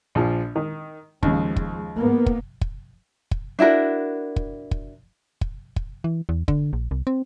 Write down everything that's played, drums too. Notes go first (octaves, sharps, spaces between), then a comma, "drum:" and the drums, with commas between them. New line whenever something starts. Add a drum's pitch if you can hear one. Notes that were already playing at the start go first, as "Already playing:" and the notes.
A#1 F3
D#3
D#2 C#3 F3 G#3, drum: kick
drum: kick
G#2 A#3 B3
drum: kick
drum: kick
drum: kick
D4 E4 F#4 A#4
drum: kick
drum: kick
drum: kick
drum: kick
E3
E2
D3, drum: kick
A#1
C2
C4